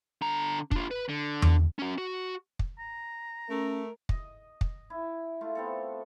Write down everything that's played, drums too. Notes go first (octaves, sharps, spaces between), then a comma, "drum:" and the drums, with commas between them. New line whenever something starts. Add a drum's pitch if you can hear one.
D3 A#5
D4 F4, drum: kick
B4
D3
drum: tom E2
C#4 F#4
F#4
drum: kick
A#5
A3 C#4 A#4
D#5, drum: kick
drum: kick
E4
A3 F4
B3 C4 A4